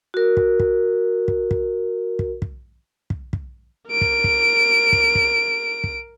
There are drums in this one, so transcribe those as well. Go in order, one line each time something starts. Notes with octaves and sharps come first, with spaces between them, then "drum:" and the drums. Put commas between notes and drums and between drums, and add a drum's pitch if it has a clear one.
F#4 A#4
drum: kick
drum: kick
drum: kick
drum: kick
drum: kick
drum: kick
drum: kick
drum: kick
A#4 D7
drum: kick
drum: kick
drum: kick
drum: kick
drum: kick